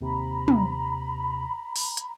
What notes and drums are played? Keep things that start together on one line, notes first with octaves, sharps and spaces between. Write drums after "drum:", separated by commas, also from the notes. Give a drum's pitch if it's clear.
D#2 C3 A#5 B5
drum: tom
drum: open hi-hat
drum: hi-hat